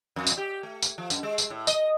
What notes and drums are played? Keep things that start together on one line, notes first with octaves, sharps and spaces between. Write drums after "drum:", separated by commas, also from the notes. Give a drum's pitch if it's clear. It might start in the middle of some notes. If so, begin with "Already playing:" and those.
F2
drum: tambourine
G4
A3
drum: tambourine
F3
F#2, drum: tambourine
G#3
drum: tambourine
A2
D#5, drum: tambourine